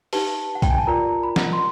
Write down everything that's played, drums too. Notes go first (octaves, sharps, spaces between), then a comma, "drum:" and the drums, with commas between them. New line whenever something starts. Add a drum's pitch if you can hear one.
D#4 G4 B4 A5, drum: open hi-hat
F#5
G5, drum: kick, hi-hat
G#5
A5
F4 A#4 D5 A#5
B5
drum: snare
C6